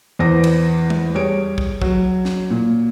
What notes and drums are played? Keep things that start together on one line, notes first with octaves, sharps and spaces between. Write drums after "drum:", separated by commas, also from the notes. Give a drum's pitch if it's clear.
E2 B3 C5 D6 A#6
drum: cymbal
drum: tom
G3 G#4 C#5 D7
drum: kick
F#3, drum: kick
drum: snare
A#2